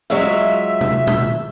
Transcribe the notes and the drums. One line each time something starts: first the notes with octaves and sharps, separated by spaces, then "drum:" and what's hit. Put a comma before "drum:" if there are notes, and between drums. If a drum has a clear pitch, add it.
F#3 G#3 F4 E5
drum: tom
drum: tom A#2